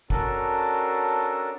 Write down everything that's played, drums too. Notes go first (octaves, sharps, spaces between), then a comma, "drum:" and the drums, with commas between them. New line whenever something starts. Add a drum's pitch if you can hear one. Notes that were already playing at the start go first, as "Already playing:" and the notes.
C#4 D4 F#4 A4 A#4 D5, drum: kick G#1